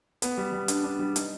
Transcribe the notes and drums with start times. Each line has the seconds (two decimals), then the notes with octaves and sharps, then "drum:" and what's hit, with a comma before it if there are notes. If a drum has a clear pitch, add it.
0.22 B3, drum: hi-hat
0.38 G3
0.53 G3
0.68 D4, drum: hi-hat
0.84 D4
0.99 G3
1.16 D#4, drum: hi-hat